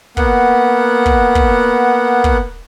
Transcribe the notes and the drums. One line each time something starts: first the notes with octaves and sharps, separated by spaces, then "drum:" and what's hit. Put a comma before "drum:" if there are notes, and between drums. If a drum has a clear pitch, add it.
A#3 B3 F#5, drum: kick
drum: kick
drum: kick
drum: kick